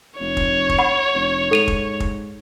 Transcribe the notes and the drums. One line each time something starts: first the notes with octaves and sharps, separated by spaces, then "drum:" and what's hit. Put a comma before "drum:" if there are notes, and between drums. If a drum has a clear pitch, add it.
F1 C#5
drum: kick
drum: kick
F#5 B5
F1
G#2 A4 D#7 F7
drum: kick
drum: kick